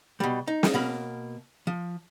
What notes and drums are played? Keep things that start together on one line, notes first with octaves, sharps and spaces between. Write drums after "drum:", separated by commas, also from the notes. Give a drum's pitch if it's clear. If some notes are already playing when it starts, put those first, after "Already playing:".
B2 G3
D#4
drum: snare
B2 A#3 B5
F3